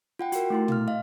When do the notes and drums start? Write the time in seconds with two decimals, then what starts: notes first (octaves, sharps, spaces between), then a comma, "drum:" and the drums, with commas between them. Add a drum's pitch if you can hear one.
0.19 F4 F#5 G5
0.32 F#4 A#4, drum: hi-hat
0.50 A3 E4 C6
0.68 F5 F6, drum: tom
0.87 D#5 F5